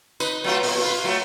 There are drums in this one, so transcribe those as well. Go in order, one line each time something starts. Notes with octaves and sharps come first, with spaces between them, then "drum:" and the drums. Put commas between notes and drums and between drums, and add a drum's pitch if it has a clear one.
D#4 B4, drum: tambourine
F#3 A3 F4
A#2, drum: open hi-hat
F4 B4
F#3 A3